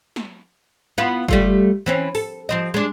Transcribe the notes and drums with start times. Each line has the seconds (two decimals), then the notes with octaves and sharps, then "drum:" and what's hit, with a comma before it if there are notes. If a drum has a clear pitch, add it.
0.16 drum: snare
0.98 B3 E4 F4
1.28 G3 A3 F4, drum: kick F#1
1.86 E3 C4 C#4
2.15 A4, drum: open hi-hat
2.49 F3 C4 D#5
2.74 G#3 D4